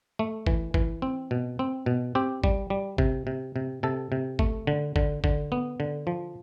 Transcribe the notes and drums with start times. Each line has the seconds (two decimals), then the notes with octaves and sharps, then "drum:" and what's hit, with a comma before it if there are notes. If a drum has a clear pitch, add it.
0.19 A3
0.47 E3, drum: kick G#1
0.74 E3, drum: kick G#1
1.02 C4
1.31 B2
1.59 C4
1.86 B2
2.15 C4 G4
2.44 G3, drum: kick G#1
2.70 G3
2.98 C3, drum: kick G#1
3.27 C3
3.56 C3
3.83 C3 A4
4.12 C3
4.39 A3, drum: kick G#1
4.67 D3
4.96 D3, drum: kick G#1
5.24 D3, drum: kick G#1
5.52 B3
5.80 D3
6.07 F3